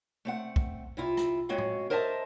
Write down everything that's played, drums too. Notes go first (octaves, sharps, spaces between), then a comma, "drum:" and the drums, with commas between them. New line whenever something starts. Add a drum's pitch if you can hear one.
A3 C4 F#5
drum: kick B1
C3 E4 F4
drum: rim click
G#3 C4 C#4 F#4 F5
drum: tom
A#4 C5 D#5 E5 G#5 A5